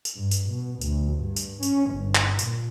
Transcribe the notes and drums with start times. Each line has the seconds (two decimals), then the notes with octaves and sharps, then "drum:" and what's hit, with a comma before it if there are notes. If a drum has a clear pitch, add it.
0.05 drum: tambourine
0.17 G2
0.31 drum: tambourine
0.50 B2
0.81 D2, drum: tambourine
1.16 G2
1.36 drum: tambourine
1.63 C#4, drum: tambourine
1.93 G1
2.15 drum: clap
2.39 A#2, drum: tambourine